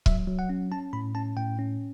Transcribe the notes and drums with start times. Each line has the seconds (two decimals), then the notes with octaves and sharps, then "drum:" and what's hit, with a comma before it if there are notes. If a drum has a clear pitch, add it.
0.06 F#3 E5, drum: kick
0.27 F#3
0.39 F#5
0.49 C#4
0.72 C#4 A5
0.93 A2 B5
1.15 C#4 A5
1.36 A2 G5
1.59 C#4